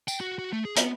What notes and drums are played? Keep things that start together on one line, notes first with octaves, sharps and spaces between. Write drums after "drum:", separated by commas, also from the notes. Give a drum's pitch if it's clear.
G5, drum: tambourine
F#4
F#4
A3
G#4
B3, drum: hi-hat